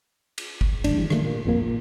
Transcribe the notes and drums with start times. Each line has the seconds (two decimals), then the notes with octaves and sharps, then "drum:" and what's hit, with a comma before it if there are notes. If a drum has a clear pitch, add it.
0.38 drum: cymbal
0.61 drum: kick F#1
0.84 D1 G#1 D4, drum: cymbal
0.98 E3 G3
1.10 D#3 G3 A3 A#3, drum: rim click
1.23 A#2 A#3
1.45 A#1 F2 A#3
1.62 A#2